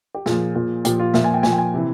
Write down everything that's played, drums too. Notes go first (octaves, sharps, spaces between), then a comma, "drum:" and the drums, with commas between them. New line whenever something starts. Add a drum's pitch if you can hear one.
G4
A#2 F3 G#4, drum: snare
A#2 F3
A#2 F3 G4, drum: hi-hat
F4
A#2 F3 E5, drum: snare
G#5
G5
A#2 F3 G#5, drum: snare
G5
G#5
C3 E3